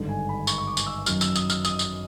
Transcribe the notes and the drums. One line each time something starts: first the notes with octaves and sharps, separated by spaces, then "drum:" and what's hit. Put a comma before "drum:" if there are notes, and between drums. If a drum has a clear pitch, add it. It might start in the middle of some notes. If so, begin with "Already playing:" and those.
Already playing: G#1 G2 D3
G#5
B5
C#6, drum: tambourine
C#6
D6
drum: tambourine
E6
F#2 D#3 F#3 F6, drum: tambourine
E6, drum: tambourine
D#6, drum: tambourine
F6, drum: tambourine
D#6, drum: tambourine
drum: tambourine